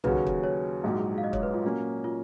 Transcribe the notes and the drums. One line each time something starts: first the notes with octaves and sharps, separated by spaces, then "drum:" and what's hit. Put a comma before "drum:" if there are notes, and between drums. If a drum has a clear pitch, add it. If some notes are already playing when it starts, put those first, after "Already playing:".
D#2 C#3 F#3 C#4 F#4 B4, drum: tom B1
drum: kick
C#5
A#1 G#2 F#3
F5
D#5
C#5, drum: kick
B4
F4
A#2 F#3 A#3 C#4
F4